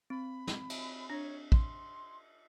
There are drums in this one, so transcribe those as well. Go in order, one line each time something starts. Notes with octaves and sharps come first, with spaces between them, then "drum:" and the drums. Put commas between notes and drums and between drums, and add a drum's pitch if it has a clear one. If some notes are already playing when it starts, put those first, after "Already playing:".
C4 B5
drum: snare
drum: cymbal
D4 C#5
C6, drum: kick